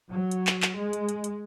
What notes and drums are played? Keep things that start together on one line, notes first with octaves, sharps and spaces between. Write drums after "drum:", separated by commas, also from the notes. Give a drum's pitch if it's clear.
F#3
drum: hi-hat
drum: clap
drum: clap
G#3
drum: hi-hat
drum: hi-hat
drum: hi-hat